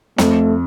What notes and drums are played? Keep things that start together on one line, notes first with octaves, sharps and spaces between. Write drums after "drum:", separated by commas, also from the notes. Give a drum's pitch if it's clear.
F2 A3, drum: snare